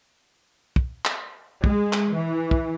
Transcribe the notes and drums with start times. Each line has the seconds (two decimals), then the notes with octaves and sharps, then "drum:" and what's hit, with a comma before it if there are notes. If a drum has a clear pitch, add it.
0.76 drum: kick
1.05 drum: clap
1.64 G#3, drum: kick
1.93 drum: clap
2.13 E3
2.51 drum: kick